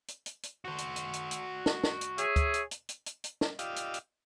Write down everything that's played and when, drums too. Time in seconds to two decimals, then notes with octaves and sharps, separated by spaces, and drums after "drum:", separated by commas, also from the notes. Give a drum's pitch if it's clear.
0.08 drum: hi-hat
0.26 drum: hi-hat
0.43 drum: hi-hat
0.65 F#4 C5
0.78 drum: hi-hat
0.96 drum: hi-hat
1.13 drum: hi-hat
1.31 drum: hi-hat
1.66 drum: snare
1.84 drum: snare
2.01 drum: hi-hat
2.18 G#4 C#5 E5, drum: hi-hat
2.36 drum: kick, hi-hat
2.54 drum: hi-hat
2.71 drum: hi-hat
2.89 drum: hi-hat
3.06 drum: hi-hat
3.24 drum: hi-hat
3.41 drum: snare
3.59 F4 G4 D5 D#5 F5 E6, drum: hi-hat
3.76 drum: hi-hat
3.94 drum: hi-hat